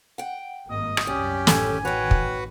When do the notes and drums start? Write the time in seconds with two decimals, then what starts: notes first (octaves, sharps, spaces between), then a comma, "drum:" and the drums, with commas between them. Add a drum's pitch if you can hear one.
0.18 F#5 G5
0.71 G#1 G2 A#3 D#5 D#6
0.97 drum: rim click
1.07 C2 F#2 C3 C#4 G4 D5
1.47 A1 D3 D#3 A4 G#5, drum: snare
1.85 F#4 B4 C#5 F#5 G5
2.11 drum: kick